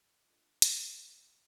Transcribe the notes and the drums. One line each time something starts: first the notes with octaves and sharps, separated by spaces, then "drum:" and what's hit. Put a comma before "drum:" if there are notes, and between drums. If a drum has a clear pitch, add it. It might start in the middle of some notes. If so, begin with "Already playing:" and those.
Already playing: A#2 D3
D4 F4 A4 D#5
D3 F3, drum: hi-hat